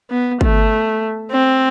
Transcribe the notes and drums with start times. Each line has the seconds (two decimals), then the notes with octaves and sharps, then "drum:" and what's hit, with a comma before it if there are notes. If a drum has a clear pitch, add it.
0.10 B3
0.41 A3, drum: kick
1.32 C4